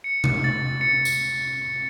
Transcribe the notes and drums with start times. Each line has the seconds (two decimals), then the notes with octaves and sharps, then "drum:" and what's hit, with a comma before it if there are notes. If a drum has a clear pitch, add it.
0.04 C#7
0.24 drum: tom C3
0.44 A6
0.81 C#7
1.05 drum: tambourine